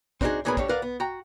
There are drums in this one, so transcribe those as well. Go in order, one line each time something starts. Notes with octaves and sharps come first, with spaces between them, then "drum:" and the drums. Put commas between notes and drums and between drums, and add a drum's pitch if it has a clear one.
C4 D4 D#4 F4 F#4 G#4, drum: kick
A#2 F#3 B3 G#4 A#4 B5
D2 D3 G3 D4 G4 C#5, drum: kick
A#4 B4 D5 F5 F#5
B3
F#4 G5 A#5